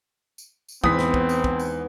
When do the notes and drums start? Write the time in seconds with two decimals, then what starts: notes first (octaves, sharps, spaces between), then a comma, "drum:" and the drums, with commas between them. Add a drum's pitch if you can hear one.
0.38 drum: tambourine
0.68 drum: tambourine
0.84 E2 G#2 B3 C4 D#6 B6, drum: kick
0.99 drum: snare
1.14 drum: kick
1.29 drum: tambourine
1.44 drum: kick
1.59 drum: tambourine